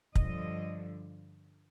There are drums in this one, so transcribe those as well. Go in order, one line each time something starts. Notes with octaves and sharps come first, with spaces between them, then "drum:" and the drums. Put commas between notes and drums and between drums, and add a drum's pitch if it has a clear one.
G2 D3 F3 D#5, drum: kick